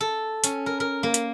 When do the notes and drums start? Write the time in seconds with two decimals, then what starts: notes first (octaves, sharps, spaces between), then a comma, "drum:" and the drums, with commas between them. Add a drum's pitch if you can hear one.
0.01 A4
0.44 C#4, drum: hi-hat
0.66 A#4
0.80 A#4
1.03 A#3
1.14 drum: hi-hat